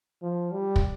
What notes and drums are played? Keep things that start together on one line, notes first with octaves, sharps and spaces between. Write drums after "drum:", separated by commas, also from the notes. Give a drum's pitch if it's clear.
F3
G3
drum: kick